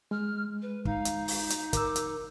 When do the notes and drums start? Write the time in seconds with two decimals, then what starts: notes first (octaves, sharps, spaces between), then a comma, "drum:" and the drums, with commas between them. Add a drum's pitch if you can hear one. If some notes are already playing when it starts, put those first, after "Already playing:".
0.11 G#3 F6
0.62 B4
0.85 D#4 F5, drum: kick
1.05 drum: hi-hat
1.28 drum: open hi-hat
1.50 drum: hi-hat
1.73 A#4 D6 E6, drum: kick, hi-hat
1.96 drum: hi-hat